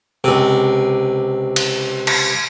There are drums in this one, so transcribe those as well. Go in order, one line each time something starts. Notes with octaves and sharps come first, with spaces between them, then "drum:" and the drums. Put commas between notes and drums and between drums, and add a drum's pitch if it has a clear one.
C#2 C3
drum: cymbal
drum: cymbal